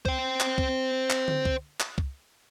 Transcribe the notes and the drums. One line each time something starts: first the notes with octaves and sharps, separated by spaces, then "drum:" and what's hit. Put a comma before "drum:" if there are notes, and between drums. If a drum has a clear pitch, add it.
C5 G5, drum: kick C#2
drum: clap
drum: kick C#2
drum: clap
drum: tom D3
drum: kick C#2
drum: clap
drum: kick C#2